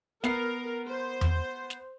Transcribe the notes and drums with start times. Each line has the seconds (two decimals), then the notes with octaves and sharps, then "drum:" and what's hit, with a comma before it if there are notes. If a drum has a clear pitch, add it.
0.24 B3 A#4 C7, drum: snare
0.88 C5
1.21 drum: tom E2
1.70 drum: snare